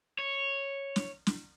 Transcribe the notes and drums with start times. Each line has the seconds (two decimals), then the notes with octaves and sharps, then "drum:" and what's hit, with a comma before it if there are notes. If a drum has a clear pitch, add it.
0.19 C#5
0.96 drum: snare
1.27 drum: snare